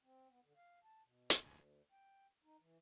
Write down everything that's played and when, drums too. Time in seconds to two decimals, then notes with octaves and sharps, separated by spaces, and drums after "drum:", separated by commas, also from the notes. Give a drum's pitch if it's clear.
0.03 C4
0.29 B3
0.43 D3
0.56 F5
0.84 A5
1.04 B2
1.30 drum: hi-hat
1.46 D2
1.92 G5
2.44 D#4
2.60 E3